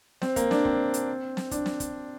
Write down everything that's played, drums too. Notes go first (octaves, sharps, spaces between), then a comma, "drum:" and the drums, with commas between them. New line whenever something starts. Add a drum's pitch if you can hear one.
C4, drum: snare
A#3, drum: kick, hi-hat
D4, drum: snare
C4, drum: kick
drum: hi-hat
drum: snare
D4, drum: kick, hi-hat
drum: snare
drum: kick, hi-hat